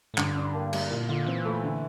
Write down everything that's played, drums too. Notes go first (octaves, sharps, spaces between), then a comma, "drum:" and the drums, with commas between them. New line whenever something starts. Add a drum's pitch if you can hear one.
A2
G2 D3, drum: clap
D4
A#3
G3, drum: cymbal
A#2
D3 F4
E3 C4
A3
D3